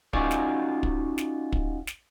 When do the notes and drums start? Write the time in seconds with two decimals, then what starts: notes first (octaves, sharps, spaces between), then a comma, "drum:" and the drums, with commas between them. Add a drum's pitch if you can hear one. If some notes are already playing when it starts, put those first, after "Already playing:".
0.13 C#4 D#4 F4 F#4 G#4 D5, drum: kick
0.31 drum: snare
0.83 drum: kick
1.18 drum: snare
1.52 drum: kick
1.87 drum: snare